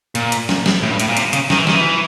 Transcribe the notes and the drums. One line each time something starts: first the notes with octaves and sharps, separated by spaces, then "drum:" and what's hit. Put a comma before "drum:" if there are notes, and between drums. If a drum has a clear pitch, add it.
A#2, drum: hi-hat
drum: hi-hat
drum: snare
drum: snare
A2
G2
A2, drum: hi-hat
A#2
C3, drum: hi-hat
C#3, drum: hi-hat
D#3, drum: snare
E3
D#3, drum: snare
E3